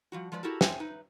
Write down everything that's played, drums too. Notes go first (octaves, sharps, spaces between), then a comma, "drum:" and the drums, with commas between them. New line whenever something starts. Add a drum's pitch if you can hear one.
F3 G3 F#4
F3 G#3 B4 D5
E4 F#4 G4 A4 A#4
G#4 C5 C#5 E5 G5 G#5, drum: snare
D#4 B4